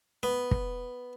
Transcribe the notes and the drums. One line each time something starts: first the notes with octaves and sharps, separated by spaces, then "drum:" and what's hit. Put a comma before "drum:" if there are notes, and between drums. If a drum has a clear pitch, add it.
B3
drum: kick